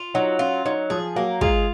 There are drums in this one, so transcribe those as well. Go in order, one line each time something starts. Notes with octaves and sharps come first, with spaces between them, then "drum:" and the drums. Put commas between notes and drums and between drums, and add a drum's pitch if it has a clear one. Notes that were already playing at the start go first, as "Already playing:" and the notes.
Already playing: F4
F#3 D#4
C#4 F4
F#3 D#4
F3 F4 G#4
F#3 A#3 F#4
G#3 F4 G#4, drum: kick